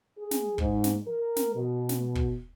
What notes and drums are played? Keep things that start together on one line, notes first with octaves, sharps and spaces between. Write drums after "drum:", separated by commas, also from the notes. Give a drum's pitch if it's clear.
G#4
drum: snare
G#2, drum: kick
drum: snare
A#4
drum: snare
B2
drum: snare
drum: kick